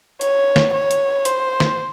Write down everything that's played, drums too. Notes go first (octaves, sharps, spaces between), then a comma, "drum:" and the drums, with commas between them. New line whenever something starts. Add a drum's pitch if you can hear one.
C#5, drum: hi-hat
drum: snare
C#5
drum: hi-hat
C5, drum: hi-hat
drum: snare